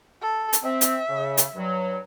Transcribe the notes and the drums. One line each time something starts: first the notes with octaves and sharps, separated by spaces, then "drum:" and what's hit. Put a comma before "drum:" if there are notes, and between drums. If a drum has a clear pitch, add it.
A4
drum: hi-hat
C4 E5
drum: hi-hat
C#3
drum: hi-hat
G2 F#3